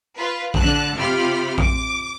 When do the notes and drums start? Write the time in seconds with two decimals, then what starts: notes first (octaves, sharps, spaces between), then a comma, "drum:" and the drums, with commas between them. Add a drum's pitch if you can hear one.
0.17 F4 B4
0.54 D3 A5 F#6, drum: kick A#1
0.96 C3 F4 G4 B5 F6
1.58 D6, drum: kick A#1